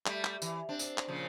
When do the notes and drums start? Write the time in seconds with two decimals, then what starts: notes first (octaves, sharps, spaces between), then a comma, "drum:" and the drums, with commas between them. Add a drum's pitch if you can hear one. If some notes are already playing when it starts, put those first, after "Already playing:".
0.06 G3 A3, drum: clap
0.24 drum: clap
0.42 E3, drum: tambourine
0.69 C4 D4
0.79 drum: tambourine
0.98 drum: clap
1.08 A#2 C#3 F3